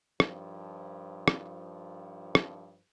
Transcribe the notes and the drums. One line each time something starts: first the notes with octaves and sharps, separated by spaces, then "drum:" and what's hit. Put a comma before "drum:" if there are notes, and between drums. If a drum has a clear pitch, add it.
G2 D#3 F3, drum: rim click
drum: rim click
drum: rim click